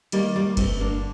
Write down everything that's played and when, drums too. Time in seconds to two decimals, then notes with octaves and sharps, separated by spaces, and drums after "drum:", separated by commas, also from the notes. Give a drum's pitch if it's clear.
0.12 D#3 G3 A#3, drum: cymbal
0.35 D#2 G3 A#3
0.57 G2 A3 C4, drum: kick F#1, cymbal
0.80 D3 A#3 D4